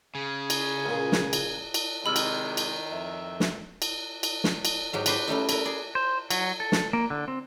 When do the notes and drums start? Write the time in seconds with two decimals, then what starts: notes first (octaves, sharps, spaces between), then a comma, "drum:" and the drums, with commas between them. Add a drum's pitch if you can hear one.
0.15 C#3 G#4 G#5
0.50 drum: cymbal
0.86 C#2 A#2
1.12 drum: snare
1.33 drum: cymbal
1.74 drum: cymbal
2.06 C3 D#3 G#3 B5 E6 F6
2.16 drum: cymbal
2.57 drum: cymbal
2.92 F2 E5
3.40 drum: snare
3.82 drum: cymbal
4.23 drum: cymbal
4.44 drum: snare
4.65 drum: cymbal
4.93 G#2 F#3 G4
5.06 F#4 G4 B4 C5 D5, drum: cymbal
5.28 G3 A3 C#4 D#4
5.49 E4 A#4, drum: cymbal
5.65 G#4 D5
5.95 C5
6.30 F#3, drum: cymbal
6.60 A4
6.72 drum: snare
6.93 A#3
7.10 D3
7.28 C4